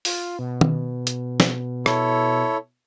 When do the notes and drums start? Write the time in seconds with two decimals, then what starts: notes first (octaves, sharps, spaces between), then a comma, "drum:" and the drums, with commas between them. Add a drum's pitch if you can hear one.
0.05 F4, drum: open hi-hat
0.39 B2
0.61 drum: tom D#3
1.07 drum: hi-hat
1.40 drum: snare
1.86 E4 A4 C#5, drum: rim click